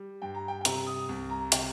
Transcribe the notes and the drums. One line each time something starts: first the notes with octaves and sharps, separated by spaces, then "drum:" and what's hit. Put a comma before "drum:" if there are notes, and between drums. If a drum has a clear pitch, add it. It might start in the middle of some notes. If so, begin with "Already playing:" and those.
Already playing: G3
G2 G5
A#5
G5
G5
C3 A#5, drum: hi-hat
D#6
C2
A#5
C3 G5, drum: hi-hat